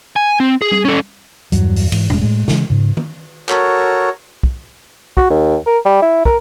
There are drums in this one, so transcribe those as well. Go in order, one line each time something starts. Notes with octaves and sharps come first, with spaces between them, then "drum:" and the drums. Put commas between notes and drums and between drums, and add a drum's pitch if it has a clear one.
G#5
C4
G#4
drum: tom G3
C#4 A4
E2 G2 F#3, drum: hi-hat
drum: open hi-hat
G#2 E3 G#3, drum: cymbal
E1 G#3, drum: tom
A2 G#3
C#3 E3 G#3, drum: snare
G#2 C#3
drum: tom D#3
F#4 A4 A#4 C#5, drum: clap
drum: kick
F#4, drum: kick
D#2
A#4
G3
E4
A#4, drum: kick